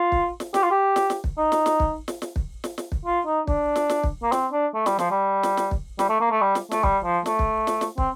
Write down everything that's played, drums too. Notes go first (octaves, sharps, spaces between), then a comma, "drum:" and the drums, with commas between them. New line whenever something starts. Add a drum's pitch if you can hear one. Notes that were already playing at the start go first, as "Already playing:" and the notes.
Already playing: F4
drum: kick
drum: snare
G4, drum: snare
F4
G4
drum: snare
drum: snare
drum: kick
D#4
drum: snare
drum: snare
drum: kick
drum: snare
drum: snare
drum: kick
drum: snare
drum: snare
drum: kick
F4
D#4
D4, drum: kick
drum: snare
drum: snare
drum: kick
A#3
C4, drum: snare
D4
A3
G3, drum: snare
F3, drum: snare
G3
drum: snare
drum: snare
drum: kick
G3, drum: snare
A3
A#3
A3
G3
drum: snare
A3, drum: snare
G3, drum: kick
F3
A3, drum: snare
drum: kick
drum: snare
drum: snare
C4, drum: kick